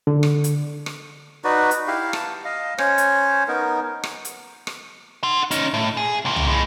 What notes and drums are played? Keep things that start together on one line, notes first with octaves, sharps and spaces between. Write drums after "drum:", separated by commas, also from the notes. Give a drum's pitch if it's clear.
D3
drum: rim click
drum: hi-hat
drum: rim click
D#4 F#4 B4 D5
drum: hi-hat
E4 G4 F5
A5, drum: rim click
D#5 F5
C#4 C5 C#5, drum: rim click
drum: hi-hat
B3 D#4 A#4
drum: rim click
drum: hi-hat
drum: rim click
F#5 C6
C#4 D#4, drum: hi-hat
A2
G#4
C#2 A#2
drum: tom
A2 G#3